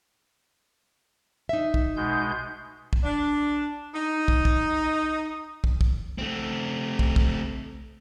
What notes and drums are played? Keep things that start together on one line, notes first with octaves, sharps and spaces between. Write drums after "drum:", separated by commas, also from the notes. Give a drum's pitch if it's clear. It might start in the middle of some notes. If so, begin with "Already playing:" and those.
D#4 E5
drum: kick
B2 G#3 G6
drum: kick
D4
D#4
drum: kick
drum: kick
drum: kick
drum: kick
A3 C4
drum: kick
drum: kick